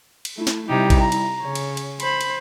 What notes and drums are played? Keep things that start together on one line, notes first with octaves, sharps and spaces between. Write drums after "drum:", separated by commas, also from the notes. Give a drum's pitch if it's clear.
drum: cymbal
A3 E4
drum: snare
C3 G3 D#4 E4 G4
drum: kick, cymbal
A#5
drum: cymbal
C#3 C#5
drum: cymbal
drum: cymbal
C5 B5, drum: cymbal
drum: cymbal